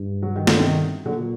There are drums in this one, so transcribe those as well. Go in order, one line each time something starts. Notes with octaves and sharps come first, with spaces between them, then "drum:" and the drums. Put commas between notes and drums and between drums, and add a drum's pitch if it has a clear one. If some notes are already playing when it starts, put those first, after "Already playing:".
Already playing: G2
F#3
D#3
D3, drum: snare
C3 D#3
A#2 D3 F#3